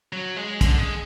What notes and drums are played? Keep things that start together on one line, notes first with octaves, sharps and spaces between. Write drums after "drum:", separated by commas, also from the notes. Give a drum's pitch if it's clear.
F#3
G#3
D3, drum: kick, hi-hat
G#3